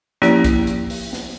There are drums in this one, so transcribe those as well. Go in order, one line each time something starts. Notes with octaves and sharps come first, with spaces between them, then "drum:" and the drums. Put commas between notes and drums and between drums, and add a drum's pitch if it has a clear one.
F3 A#3 C#4 E4 G4, drum: snare
drum: kick, hi-hat
drum: hi-hat
drum: open hi-hat
drum: snare